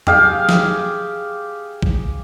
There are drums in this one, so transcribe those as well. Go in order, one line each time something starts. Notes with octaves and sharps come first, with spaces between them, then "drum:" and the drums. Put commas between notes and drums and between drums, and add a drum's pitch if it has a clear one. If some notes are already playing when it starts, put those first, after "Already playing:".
G4 G#4 F5 G5, drum: tom E2
drum: snare
drum: kick